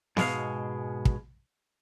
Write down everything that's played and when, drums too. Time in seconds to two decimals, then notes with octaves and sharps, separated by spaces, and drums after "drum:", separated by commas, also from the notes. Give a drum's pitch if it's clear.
0.17 G#2 B2 G#3 F5, drum: snare B3
1.05 drum: kick